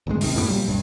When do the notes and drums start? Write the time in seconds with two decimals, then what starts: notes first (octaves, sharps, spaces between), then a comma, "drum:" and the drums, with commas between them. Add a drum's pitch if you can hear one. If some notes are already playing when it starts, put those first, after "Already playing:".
0.07 G#1 D2 G2 G#3
0.21 D#1 C#2 C3 D#3, drum: open hi-hat
0.35 F#2 A2 G3 B3
0.48 A#2 F#3 G3
0.68 E1 C#2 G2